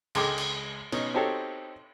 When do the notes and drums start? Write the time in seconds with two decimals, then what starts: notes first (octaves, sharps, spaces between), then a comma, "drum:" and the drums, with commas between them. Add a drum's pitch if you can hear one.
0.15 C#2 G#3 A4 G5 D6, drum: cymbal
0.38 drum: cymbal
0.92 B2 C#4 D#4, drum: cymbal
1.15 C4 D#4 F#4 G4 A4 C#5